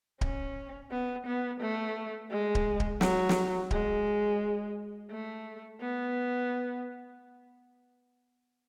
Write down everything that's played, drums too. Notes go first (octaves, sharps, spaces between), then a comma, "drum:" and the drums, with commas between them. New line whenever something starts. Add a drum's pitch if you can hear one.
C#4, drum: kick D1
B3
B3
A3
G#3
drum: kick D1
drum: kick D1
F#3, drum: snare
drum: snare
G#3, drum: kick D1
A3
B3